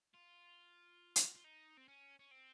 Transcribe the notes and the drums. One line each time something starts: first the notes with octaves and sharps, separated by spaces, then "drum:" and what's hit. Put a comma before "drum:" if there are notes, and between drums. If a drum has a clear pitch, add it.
F4
drum: hi-hat
F4
D#4
C4
C#4
C#4
C4